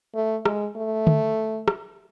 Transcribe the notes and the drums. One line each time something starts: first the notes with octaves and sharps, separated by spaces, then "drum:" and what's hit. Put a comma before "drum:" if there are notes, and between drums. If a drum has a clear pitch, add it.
A3
G#3, drum: rim click
A3
drum: tom D3
drum: rim click